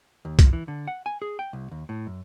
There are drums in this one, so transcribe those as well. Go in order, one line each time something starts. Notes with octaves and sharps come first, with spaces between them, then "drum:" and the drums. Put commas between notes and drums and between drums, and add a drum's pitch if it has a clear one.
D#2
F3, drum: kick C2, hi-hat
E3
D3
F#5
G#5
G#4
G5
C2
D#2
A2
F#2